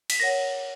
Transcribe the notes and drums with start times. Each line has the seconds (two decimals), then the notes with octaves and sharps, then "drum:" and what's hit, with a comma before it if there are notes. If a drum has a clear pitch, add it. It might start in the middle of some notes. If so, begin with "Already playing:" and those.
0.10 B6, drum: cymbal
0.20 A#4 C#5 F#5 A#6